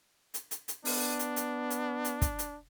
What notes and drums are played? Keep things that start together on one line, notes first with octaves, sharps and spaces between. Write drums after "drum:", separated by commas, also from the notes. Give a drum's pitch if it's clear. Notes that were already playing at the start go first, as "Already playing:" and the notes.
drum: hi-hat
drum: hi-hat
drum: hi-hat
B3 D4, drum: open hi-hat
drum: hi-hat
drum: hi-hat
drum: hi-hat
drum: hi-hat
drum: kick, hi-hat
drum: hi-hat